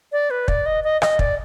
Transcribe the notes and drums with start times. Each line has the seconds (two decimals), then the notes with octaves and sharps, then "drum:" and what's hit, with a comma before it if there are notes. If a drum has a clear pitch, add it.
0.12 D5
0.30 B4
0.48 D5, drum: kick
0.66 D#5
0.84 D#5
1.02 D#5, drum: rim click
1.19 D5, drum: kick